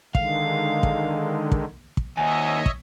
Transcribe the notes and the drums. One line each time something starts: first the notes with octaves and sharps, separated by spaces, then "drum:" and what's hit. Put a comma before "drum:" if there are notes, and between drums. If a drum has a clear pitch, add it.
D3 D#3 G#3 F5, drum: kick
drum: kick
drum: kick
drum: kick
D#2 C#5 D#5 E5 G#5
drum: kick